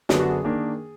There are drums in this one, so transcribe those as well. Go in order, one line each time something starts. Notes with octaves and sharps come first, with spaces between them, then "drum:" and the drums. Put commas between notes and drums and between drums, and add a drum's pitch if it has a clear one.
F#2 D3 F#3 B3 D4 G#4, drum: snare
F#4
G#4
D#3 A#3 D4